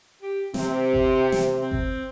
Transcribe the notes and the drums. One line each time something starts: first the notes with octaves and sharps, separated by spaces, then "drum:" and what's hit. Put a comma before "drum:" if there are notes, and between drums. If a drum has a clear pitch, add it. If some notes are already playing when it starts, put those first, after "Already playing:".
G4
C3 C4, drum: snare
drum: kick G1
drum: snare
C4
drum: kick G1